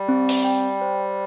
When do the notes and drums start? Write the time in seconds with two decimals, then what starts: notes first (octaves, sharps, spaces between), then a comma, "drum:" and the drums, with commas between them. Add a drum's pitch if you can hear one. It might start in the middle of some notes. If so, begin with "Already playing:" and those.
Already playing: G3 G4
0.09 C4
0.29 drum: open hi-hat
0.44 G5
0.82 C5